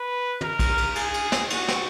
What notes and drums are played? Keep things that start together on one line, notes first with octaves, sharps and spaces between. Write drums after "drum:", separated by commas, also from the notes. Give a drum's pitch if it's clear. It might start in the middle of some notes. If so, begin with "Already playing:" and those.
Already playing: B4
A#4, drum: tom
drum: kick B1, cymbal
drum: cymbal
G#4, drum: cymbal
drum: cymbal
drum: snare
F#4, drum: cymbal
drum: snare